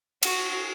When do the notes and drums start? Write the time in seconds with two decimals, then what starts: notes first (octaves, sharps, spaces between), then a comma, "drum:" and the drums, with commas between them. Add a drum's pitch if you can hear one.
0.23 F#4, drum: cymbal